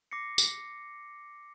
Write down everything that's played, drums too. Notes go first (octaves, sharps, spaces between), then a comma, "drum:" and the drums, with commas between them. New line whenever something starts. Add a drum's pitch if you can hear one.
D6 A#6 C7 C#7
drum: tambourine